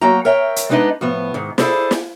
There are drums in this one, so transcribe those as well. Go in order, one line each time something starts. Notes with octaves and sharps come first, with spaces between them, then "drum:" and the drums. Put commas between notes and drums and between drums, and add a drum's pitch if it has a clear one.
F#3 A#3 F#4 G5 A#5
A#4 C#5 E5 G5
drum: hi-hat
G#3 B3 D4 D#4 B4 D#5
A2 F3 B3
G#2 D#3
E4 G#4 A4 C5 D5, drum: snare
drum: snare